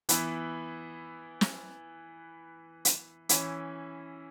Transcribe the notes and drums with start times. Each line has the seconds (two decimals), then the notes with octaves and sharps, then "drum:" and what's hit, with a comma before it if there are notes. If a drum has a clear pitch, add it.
0.09 E3 B3 E4, drum: hi-hat
1.41 drum: snare
2.85 drum: hi-hat
3.29 E3 C#4 E4, drum: hi-hat